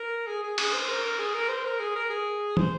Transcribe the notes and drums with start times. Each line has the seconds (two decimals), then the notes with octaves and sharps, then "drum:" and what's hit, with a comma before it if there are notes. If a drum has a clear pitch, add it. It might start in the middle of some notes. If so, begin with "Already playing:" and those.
Already playing: A#4
0.27 G#4
0.43 G#4
0.58 G#4, drum: cymbal
0.73 C5
0.89 A#4
1.04 A#4
1.18 G#4
1.34 A#4
1.49 C5
1.64 A#4
1.80 G#4
1.96 A#4
2.10 G#4
2.57 C5, drum: tom